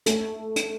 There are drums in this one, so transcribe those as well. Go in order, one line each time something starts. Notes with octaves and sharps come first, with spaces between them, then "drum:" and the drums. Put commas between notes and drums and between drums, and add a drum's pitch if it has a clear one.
A3, drum: hi-hat
drum: hi-hat